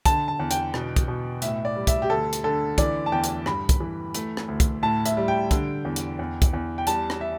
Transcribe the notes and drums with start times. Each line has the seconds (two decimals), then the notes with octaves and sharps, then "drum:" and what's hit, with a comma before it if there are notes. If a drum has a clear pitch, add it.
0.05 D3 A5, drum: kick, hi-hat
0.28 A5
0.40 E2
0.51 G5, drum: hi-hat
0.74 B2, drum: rim click
0.96 drum: kick, hi-hat
1.08 B2
1.42 A2 E5, drum: hi-hat
1.65 D5
1.76 G3
1.87 E5, drum: kick, hi-hat
2.02 G4
2.10 D2 A4
2.33 drum: hi-hat
2.44 D3 A4
2.78 E3 D5, drum: kick, hi-hat
3.06 A5
3.12 E2 G5
3.24 drum: hi-hat
3.46 G2 B5, drum: rim click
3.69 drum: kick, hi-hat
3.80 E3
4.15 A3, drum: hi-hat
4.37 drum: rim click
4.48 D2
4.60 drum: kick, hi-hat
4.83 A2 A5
5.06 E5, drum: hi-hat
5.17 G3
5.28 G5
5.51 D3, drum: kick, hi-hat
5.85 E2
5.96 drum: hi-hat
6.19 E2
6.42 drum: kick, hi-hat
6.53 E2
6.78 G5
6.87 G3 A5, drum: hi-hat
7.10 drum: rim click
7.21 E5